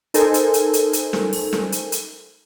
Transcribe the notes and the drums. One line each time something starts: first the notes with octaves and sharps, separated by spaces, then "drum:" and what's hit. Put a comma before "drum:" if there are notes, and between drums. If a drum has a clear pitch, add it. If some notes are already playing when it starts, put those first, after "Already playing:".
D#4 A4 A#4 C5 G#5, drum: hi-hat
drum: hi-hat
drum: hi-hat
drum: hi-hat
drum: hi-hat
drum: snare
drum: open hi-hat
drum: snare
drum: hi-hat
drum: hi-hat